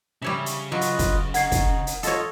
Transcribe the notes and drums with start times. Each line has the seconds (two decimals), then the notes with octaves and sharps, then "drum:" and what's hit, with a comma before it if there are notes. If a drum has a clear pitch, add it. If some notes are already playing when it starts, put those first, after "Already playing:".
0.22 C#3 G3 C#5 E5
0.46 drum: hi-hat
0.72 F#3 F4 B4 D#5
0.81 drum: hi-hat
0.99 drum: kick, hi-hat
1.34 D#4 A#4 F#5 G#6 C7, drum: hi-hat
1.52 drum: kick, hi-hat
1.87 drum: hi-hat
2.03 F4 A4 C#5 D#5, drum: hi-hat